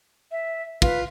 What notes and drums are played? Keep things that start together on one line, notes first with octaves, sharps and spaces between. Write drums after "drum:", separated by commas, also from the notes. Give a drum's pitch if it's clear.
E5
F4 B4, drum: kick